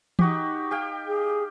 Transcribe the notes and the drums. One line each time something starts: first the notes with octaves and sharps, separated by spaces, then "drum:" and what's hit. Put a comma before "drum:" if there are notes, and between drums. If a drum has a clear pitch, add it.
D#4 F#4 G4, drum: tom E3
G4 F5 G5
G#4